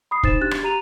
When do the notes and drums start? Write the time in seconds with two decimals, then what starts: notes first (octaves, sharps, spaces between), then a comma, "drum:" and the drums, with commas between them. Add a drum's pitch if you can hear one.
0.11 B5 D#6 C7
0.23 D#4 C5 A6 E7, drum: kick
0.41 D4 G4 F#6 A6
0.51 drum: rim click
0.63 G4 A#5 D#7 F7